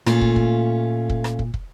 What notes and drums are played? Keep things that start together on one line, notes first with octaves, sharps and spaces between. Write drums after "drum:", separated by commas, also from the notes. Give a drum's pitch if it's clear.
A#2 A3 C#4 F4, drum: rim click
drum: kick
drum: kick
drum: kick
drum: rim click
drum: kick
drum: kick